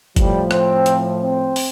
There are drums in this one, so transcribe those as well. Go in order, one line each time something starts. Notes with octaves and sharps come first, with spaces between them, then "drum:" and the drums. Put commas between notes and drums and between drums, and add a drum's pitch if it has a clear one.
A2 F3 G3, drum: kick F#1, hi-hat
C4, drum: rim click
drum: hi-hat
C4
drum: open hi-hat